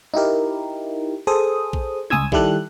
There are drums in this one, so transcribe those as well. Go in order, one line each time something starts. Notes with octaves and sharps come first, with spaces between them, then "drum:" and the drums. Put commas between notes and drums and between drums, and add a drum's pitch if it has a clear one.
D#4 E4 G4 A#4
G#4 A4 C5 D#6
drum: kick A#1
C#2 G#5 D#6 E6 G#6, drum: tom
D#3 G3 E4 G4 A4 F#6, drum: kick A#1